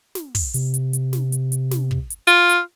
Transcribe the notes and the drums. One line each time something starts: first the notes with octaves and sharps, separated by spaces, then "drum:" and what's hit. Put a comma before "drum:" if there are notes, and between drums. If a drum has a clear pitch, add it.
drum: snare
drum: kick, open hi-hat
C3, drum: hi-hat
drum: hi-hat
drum: hi-hat
drum: snare
drum: hi-hat
drum: hi-hat
drum: snare
drum: kick
drum: hi-hat
F4, drum: hi-hat
drum: hi-hat